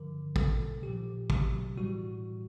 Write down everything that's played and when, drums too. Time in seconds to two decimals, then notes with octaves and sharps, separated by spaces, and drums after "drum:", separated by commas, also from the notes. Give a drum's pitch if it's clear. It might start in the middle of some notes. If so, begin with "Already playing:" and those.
Already playing: G2 D3 F3 A#4
0.36 B2 G3 A4, drum: kick
0.83 A#2 F3 G4
1.30 B2 F#3, drum: kick
1.78 A2 E3 G3 F#4